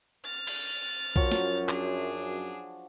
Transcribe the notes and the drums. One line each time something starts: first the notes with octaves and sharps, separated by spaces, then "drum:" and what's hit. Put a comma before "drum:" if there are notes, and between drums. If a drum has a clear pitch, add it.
F6 A6
drum: cymbal
F#2 F3 F#3 C#6, drum: kick B1
drum: snare
D4 G#4, drum: clap